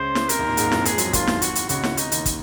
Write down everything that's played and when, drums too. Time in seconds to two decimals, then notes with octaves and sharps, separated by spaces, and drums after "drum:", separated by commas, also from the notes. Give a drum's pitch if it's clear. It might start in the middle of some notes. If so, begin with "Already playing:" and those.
Already playing: C#2 C#3 C5
0.15 drum: snare
0.29 C3 A#4, drum: hi-hat
0.39 D#2 D#3
0.48 A#2 A#3
0.57 G#2 G#3, drum: hi-hat
0.72 F2 F3, drum: snare
0.82 A#3
0.85 G#3 G#4, drum: hi-hat
0.98 F#3, drum: hi-hat
1.05 F3
1.13 D#2 D#3 F4, drum: kick, hi-hat
1.27 drum: snare
1.42 F#4, drum: hi-hat
1.55 drum: hi-hat
1.69 C#2 C#3 F#4, drum: hi-hat
1.83 drum: snare
1.97 C3 D#4, drum: hi-hat
2.12 D#2 D#3, drum: hi-hat
2.26 drum: kick, hi-hat